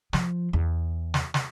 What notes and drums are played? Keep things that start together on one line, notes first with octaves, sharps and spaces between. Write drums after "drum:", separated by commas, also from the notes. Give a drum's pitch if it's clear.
F3, drum: snare
E2
drum: snare
drum: snare